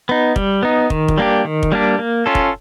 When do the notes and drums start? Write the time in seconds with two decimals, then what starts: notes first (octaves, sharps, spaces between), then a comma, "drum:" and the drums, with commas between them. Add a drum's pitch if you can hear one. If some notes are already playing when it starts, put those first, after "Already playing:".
0.09 B3 D#4
0.36 G3, drum: kick
0.63 B3 D#4
0.90 D#3, drum: kick
1.08 drum: kick
1.18 G3 A#3 D4 G4
1.45 D#3
1.63 drum: kick
1.72 G3 A#3 D4 G4
1.99 A#3
2.26 C#4 F4 A4
2.35 drum: kick